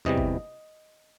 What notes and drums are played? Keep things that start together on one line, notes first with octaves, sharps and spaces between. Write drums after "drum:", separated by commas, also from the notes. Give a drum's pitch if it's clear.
E2 C3 E3 G3 D#5
drum: kick